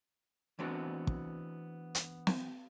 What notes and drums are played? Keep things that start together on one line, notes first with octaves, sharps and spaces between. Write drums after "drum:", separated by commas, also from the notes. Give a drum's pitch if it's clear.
E3 A3 B3 C4 D4 F#4
drum: kick
drum: hi-hat
drum: snare